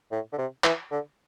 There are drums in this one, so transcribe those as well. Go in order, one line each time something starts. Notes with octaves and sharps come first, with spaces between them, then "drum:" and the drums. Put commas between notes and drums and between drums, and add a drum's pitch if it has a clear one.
A2
D3
C3
E3, drum: clap
D3